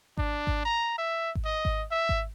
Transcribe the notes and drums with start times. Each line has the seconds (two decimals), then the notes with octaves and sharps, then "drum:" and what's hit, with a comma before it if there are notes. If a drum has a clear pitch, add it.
0.17 D4, drum: kick G#1
0.47 drum: kick G#1
0.65 A#5
0.98 E5
1.35 drum: kick G#1
1.45 D#5
1.65 drum: kick G#1
1.91 E5
2.09 drum: kick G#1